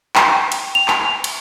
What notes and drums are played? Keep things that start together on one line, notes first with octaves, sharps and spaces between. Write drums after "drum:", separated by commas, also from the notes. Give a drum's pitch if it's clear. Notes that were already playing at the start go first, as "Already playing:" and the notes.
G5, drum: clap
drum: cymbal
F7
drum: clap
drum: cymbal